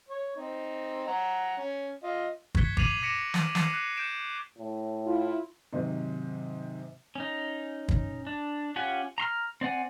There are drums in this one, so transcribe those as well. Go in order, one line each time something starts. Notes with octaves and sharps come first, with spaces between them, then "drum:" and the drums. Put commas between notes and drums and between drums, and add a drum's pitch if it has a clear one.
C#5
C4 D#4
F#5 A#5
C#4
F4 D#5
C#6 F#6 G#6 B6 C#7 G7, drum: kick
D6 A6 C7 D#7 F7 F#7, drum: kick
D6 A#6 B6 C#7 D7 E7
drum: snare
C7, drum: snare
F#6 C7
G6 C#7 D7 E7
A2
E4 F4
G#2 C3 D#3 F#3
C#4 D#4
drum: kick
D4
C#4 F4 G4 F#5 G#5
A#5 C6 F6
C4 D5 F#5 G#5